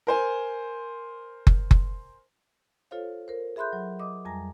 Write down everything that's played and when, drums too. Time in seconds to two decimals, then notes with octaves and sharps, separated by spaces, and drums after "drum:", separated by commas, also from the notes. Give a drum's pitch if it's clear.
0.07 A#4 C5 G#5
1.47 drum: kick F#1
1.71 drum: kick F#1
2.91 F4 A4 C5 C#5 F5
3.28 A#4 C5
3.56 G#4 E5 B5 C6 F#6 G6
3.73 F#3
3.99 D#5 D6 D#6
4.25 F2 G3 G#5 A#5 A#6